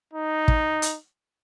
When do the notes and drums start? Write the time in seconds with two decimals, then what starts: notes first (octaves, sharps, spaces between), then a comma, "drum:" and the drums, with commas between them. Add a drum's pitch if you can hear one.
0.14 D#4
0.48 drum: kick
0.82 drum: hi-hat